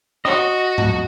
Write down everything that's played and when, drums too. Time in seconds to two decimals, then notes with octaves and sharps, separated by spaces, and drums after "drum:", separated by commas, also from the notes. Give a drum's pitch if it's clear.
0.25 F#4 D#5
0.78 drum: tom G#2